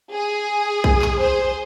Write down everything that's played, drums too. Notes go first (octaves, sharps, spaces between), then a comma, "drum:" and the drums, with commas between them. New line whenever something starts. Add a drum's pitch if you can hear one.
G#4
drum: kick B1
drum: clap
G#4 C5